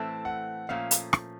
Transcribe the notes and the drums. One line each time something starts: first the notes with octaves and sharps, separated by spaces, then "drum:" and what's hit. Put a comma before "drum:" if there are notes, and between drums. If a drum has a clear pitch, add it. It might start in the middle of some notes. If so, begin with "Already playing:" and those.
Already playing: A2 E3 A3 C4 A5
F#5
A#2 F3 A3 C#4 F5
drum: hi-hat
drum: rim click